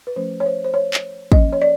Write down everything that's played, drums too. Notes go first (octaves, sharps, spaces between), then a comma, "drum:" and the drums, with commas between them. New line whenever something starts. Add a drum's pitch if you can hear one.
B4
F3 A3 C#4 C5
C#5
C5
C5
C#5
drum: clap
F3 A#3 C#4 D#5, drum: kick
C#5
D5